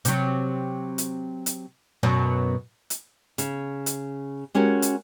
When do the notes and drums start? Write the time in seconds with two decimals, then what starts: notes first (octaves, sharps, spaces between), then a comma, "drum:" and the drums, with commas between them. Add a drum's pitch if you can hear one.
0.05 C3 F#3, drum: hi-hat
0.98 drum: hi-hat
1.46 drum: hi-hat
2.03 F#2 B2 F#3
2.90 drum: hi-hat
3.38 C#3, drum: hi-hat
3.86 drum: hi-hat
4.54 G#3 C#4 F#4 G4 A#4
4.82 drum: hi-hat